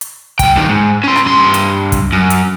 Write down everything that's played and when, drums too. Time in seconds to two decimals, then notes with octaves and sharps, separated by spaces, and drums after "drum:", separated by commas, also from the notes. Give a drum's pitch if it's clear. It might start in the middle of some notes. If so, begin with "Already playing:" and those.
0.01 drum: hi-hat
0.39 F#2 G5, drum: kick, hi-hat
0.56 G2 D#3
0.69 G#2
1.04 C#4 C6
1.16 drum: rim click
1.26 G2 C6
1.54 drum: hi-hat
1.92 drum: kick, hi-hat
2.13 F#2
2.30 drum: hi-hat